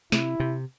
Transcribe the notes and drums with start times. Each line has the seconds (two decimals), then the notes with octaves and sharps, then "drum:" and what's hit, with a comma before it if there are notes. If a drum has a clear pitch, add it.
0.12 C3 E4, drum: snare
0.40 C3